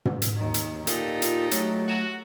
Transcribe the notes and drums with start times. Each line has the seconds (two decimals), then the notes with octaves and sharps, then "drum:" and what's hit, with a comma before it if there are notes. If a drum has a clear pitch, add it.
0.05 drum: tom
0.22 drum: hi-hat
0.36 D#2 D#3
0.54 drum: hi-hat
0.87 A#2 D#4 F4 G4 A4, drum: hi-hat
1.22 F4, drum: hi-hat
1.51 F#3 A3, drum: hi-hat
1.87 F#4